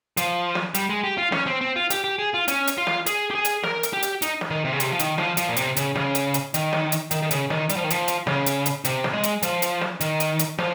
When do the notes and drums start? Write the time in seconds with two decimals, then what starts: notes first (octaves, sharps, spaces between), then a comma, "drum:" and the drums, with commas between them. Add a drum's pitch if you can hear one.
0.17 F3, drum: hi-hat
0.55 drum: snare
0.75 G3, drum: hi-hat
0.90 G#3
1.04 G4
1.18 F4
1.32 C#4, drum: snare
1.47 C4
1.61 C4
1.76 F4
1.90 G4, drum: hi-hat
2.04 G4
2.19 G#4
2.34 F4
2.48 C#4, drum: hi-hat
2.67 drum: hi-hat
2.78 F4
2.87 drum: snare
3.06 G#4, drum: hi-hat
3.31 G4
3.35 G#4
3.45 drum: hi-hat
3.63 A#4, drum: snare
3.83 drum: hi-hat
3.93 G4
4.03 drum: hi-hat
4.22 D#4, drum: hi-hat
4.41 drum: snare
4.51 D#3
4.65 C3
4.72 C#3
4.80 C3, drum: hi-hat
4.91 F3
4.99 D#3, drum: hi-hat
5.18 F3, drum: snare
5.37 F3, drum: hi-hat
5.48 A#2
5.56 C3, drum: hi-hat
5.77 C#3, drum: hi-hat
5.96 C#3, drum: snare
6.15 drum: hi-hat
6.34 drum: hi-hat
6.54 D#3, drum: hi-hat
6.73 drum: snare
6.92 drum: hi-hat
7.11 D#3, drum: hi-hat
7.22 D#3
7.31 C#3, drum: hi-hat
7.50 D#3, drum: snare
7.69 G3, drum: hi-hat
7.76 F3
7.84 D#3
7.90 F3, drum: hi-hat
8.08 drum: hi-hat
8.27 C#3, drum: snare
8.46 drum: hi-hat
8.66 drum: hi-hat
8.85 C3, drum: hi-hat
9.04 drum: snare
9.13 G#3
9.23 drum: hi-hat
9.43 F3, drum: hi-hat
9.62 drum: hi-hat
9.81 drum: snare
10.01 D#3, drum: hi-hat
10.20 drum: hi-hat
10.39 drum: hi-hat
10.59 F3, drum: snare